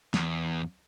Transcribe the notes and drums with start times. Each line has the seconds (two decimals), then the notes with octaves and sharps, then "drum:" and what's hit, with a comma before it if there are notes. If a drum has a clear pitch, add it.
0.14 E2, drum: snare